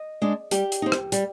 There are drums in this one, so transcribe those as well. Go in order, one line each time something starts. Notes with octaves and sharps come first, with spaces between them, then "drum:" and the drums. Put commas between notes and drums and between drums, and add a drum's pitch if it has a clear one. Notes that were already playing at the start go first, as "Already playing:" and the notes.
Already playing: D#5
G#3 D4
G3 G4, drum: hi-hat
drum: hi-hat
C4 D#4
drum: rim click
G3, drum: hi-hat